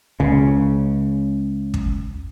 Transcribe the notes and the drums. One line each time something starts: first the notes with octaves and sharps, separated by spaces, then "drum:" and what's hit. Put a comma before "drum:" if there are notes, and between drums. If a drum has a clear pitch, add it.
C#2 C#3
drum: kick